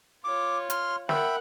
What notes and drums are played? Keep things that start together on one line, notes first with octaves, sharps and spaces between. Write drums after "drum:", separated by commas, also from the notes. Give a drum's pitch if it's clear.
F4 C#5 D6
C6 F6, drum: hi-hat
A#4 E5 F#5 G5 B5, drum: snare